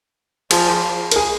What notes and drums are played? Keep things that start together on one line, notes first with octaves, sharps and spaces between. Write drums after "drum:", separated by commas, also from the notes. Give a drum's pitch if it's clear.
F3 G#4, drum: cymbal
A#4, drum: hi-hat
G#4